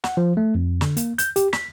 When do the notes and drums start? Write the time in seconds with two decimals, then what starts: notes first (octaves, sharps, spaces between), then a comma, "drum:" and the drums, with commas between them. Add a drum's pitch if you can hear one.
0.04 F#5, drum: snare
0.17 F3
0.37 A3
0.55 F2
0.81 D3, drum: snare
0.97 A#3, drum: hi-hat
1.18 G6, drum: hi-hat
1.36 G4, drum: hi-hat
1.53 B6, drum: snare